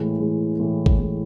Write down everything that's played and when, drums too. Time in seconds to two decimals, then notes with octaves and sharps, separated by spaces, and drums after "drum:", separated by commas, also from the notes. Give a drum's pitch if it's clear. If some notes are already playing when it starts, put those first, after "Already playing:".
Already playing: A2 E3 G#3
0.19 A2 E3 G#3
0.60 A2 E3 G#3
0.86 drum: kick G#1
0.99 A2 E3 G#3